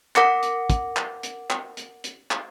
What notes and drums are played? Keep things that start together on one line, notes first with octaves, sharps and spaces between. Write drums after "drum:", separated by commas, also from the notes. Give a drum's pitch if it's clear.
A#4 F#5 D6 A#6 C#7, drum: clap
drum: hi-hat
drum: kick, hi-hat
drum: clap
drum: hi-hat
drum: clap
drum: hi-hat
drum: hi-hat
drum: clap